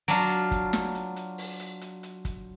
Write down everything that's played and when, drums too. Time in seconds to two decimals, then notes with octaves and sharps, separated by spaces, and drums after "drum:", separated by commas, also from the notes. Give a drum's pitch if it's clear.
0.08 F#3 D4 F4, drum: hi-hat
0.30 drum: hi-hat
0.51 drum: kick, hi-hat
0.73 drum: snare
0.95 drum: hi-hat
1.16 drum: hi-hat
1.38 drum: open hi-hat
1.60 drum: hi-hat
1.81 drum: hi-hat
2.03 drum: hi-hat
2.25 drum: kick, hi-hat